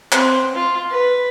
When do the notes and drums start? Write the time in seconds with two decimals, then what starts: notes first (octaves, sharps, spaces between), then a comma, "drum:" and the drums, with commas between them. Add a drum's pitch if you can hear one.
0.12 C4, drum: clap
0.55 F4
0.90 B4